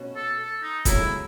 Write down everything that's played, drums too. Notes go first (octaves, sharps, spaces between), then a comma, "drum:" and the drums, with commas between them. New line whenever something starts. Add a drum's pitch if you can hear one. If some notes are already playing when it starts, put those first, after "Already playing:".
Already playing: B2 C#4
A4
A4
D#4
C#2 B2 F#3 A3 C#4 E4, drum: kick, hi-hat